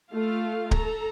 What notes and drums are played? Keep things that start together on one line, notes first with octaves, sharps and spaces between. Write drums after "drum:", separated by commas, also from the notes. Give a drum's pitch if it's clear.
A3 F4 F5
A4 A#5, drum: kick D1